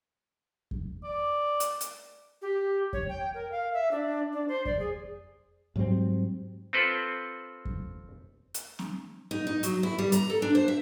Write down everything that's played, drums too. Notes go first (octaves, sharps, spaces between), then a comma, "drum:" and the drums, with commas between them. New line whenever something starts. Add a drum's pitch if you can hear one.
drum: kick F2
D5
drum: hi-hat
drum: hi-hat
G4
C#5, drum: kick F2
G5
A#4
F5
E5
D4
D4
C5
D5, drum: kick F2
G#4
G#2 F#3 G3 C4
C4 F4 A4 B4 C5
drum: kick F2
drum: hi-hat
drum: snare C4
D#4
D#4
F#3, drum: hi-hat
E4
G3
A#5, drum: hi-hat
A4
D4
C5
E5